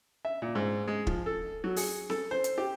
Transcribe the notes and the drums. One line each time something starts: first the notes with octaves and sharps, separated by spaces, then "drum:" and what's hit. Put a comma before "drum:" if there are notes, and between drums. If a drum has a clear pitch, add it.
E5
A#2
G#2
G#3
F3, drum: kick
A4
F#3
G#4, drum: open hi-hat
A4, drum: snare C4
C5
drum: hi-hat
G4